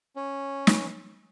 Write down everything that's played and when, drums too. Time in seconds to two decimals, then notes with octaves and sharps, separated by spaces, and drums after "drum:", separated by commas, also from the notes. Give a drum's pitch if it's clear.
0.16 C#4
0.67 drum: snare